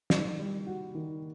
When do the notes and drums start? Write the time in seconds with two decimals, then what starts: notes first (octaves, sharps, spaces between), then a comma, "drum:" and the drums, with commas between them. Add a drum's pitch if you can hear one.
0.10 D#3, drum: snare
0.39 G3
0.67 F#4
0.95 D#3